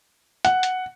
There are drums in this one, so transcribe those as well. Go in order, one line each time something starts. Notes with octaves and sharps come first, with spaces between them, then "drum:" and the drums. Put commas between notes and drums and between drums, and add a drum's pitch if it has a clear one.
F#5, drum: hi-hat
drum: hi-hat